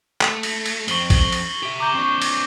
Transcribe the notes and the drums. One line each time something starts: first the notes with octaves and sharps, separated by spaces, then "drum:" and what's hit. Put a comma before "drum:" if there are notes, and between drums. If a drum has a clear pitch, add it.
A3, drum: clap
drum: cymbal
drum: cymbal
F2 C4 C#6 F#7 G7, drum: cymbal
drum: kick A#1, cymbal
drum: cymbal
G4 E5
A#5 D6 G6 G7
C4 D4 C#6
drum: cymbal